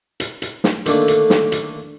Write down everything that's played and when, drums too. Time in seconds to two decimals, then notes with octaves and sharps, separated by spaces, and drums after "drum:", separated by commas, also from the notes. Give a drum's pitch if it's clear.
0.20 drum: hi-hat
0.42 drum: hi-hat
0.64 drum: snare
0.86 D3 D#3 A3 A#3 D4, drum: hi-hat
1.08 drum: hi-hat
1.30 drum: snare
1.52 drum: hi-hat